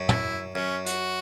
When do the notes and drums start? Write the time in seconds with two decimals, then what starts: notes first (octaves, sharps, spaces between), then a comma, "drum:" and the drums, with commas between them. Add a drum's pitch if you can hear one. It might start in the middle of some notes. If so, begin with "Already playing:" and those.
Already playing: F#2
0.09 E4, drum: tom
0.55 F#2 C#4
0.86 F#4, drum: hi-hat